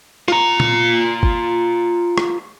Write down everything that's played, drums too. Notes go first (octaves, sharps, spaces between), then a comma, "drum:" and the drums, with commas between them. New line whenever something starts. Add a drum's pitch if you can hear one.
F4 A#5, drum: rim click
drum: tom A#2
drum: kick
drum: rim click